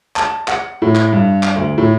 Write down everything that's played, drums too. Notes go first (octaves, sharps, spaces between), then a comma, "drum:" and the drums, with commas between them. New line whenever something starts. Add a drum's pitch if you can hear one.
A5, drum: clap
F#5, drum: clap
A2
drum: clap
G2
drum: clap
D2
A2